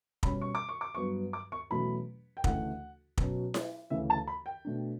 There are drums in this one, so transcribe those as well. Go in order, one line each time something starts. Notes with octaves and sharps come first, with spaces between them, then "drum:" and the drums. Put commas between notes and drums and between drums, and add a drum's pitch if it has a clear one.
B2 G3 C#4 B5, drum: kick
C#6
D6
C#6
D6
G2 F#3 B3 C#6
D6
C#6
E2 B2 F#3 A3 C#4 B5
G5
D2 C#3 E3 A3 F#5, drum: kick
B2 F#3 C#4, drum: kick
drum: snare E4
D2 C#3 E3 A3 E5
A5
B5
G5
B2 A3 D4